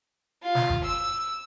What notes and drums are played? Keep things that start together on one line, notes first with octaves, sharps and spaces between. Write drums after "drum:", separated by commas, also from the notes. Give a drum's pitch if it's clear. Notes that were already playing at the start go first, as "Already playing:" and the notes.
F4
drum: snare
drum: kick G1
E6